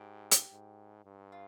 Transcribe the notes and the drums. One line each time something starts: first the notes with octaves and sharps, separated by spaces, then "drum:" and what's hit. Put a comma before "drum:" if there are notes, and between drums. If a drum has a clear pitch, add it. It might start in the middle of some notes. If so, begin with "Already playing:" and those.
Already playing: G#2 G4
drum: hi-hat
G#2
G2
F4